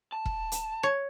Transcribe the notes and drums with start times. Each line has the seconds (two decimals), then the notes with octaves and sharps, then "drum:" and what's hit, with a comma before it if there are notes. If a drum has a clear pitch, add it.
0.12 A5
0.25 drum: kick E1
0.52 drum: hi-hat
0.83 C#5